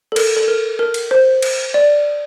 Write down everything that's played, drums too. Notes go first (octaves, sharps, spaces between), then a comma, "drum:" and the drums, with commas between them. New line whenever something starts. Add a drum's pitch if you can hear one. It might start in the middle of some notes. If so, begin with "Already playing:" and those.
A4
A#4, drum: cymbal
A4
A#4
A#4
drum: cymbal
C5
drum: cymbal
D5